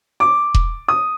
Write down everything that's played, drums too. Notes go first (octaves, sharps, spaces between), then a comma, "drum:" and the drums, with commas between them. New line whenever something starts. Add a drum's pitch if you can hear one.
D6
drum: kick E1
D#6